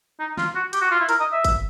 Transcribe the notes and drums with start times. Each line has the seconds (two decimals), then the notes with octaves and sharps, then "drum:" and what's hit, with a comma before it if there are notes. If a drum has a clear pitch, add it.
0.20 D#4
0.37 F4, drum: snare
0.55 F#4
0.73 G4, drum: hi-hat
0.81 F#4
0.91 F4
0.99 E4
1.09 A#4, drum: hi-hat
1.20 D#5
1.32 E5
1.44 drum: kick, hi-hat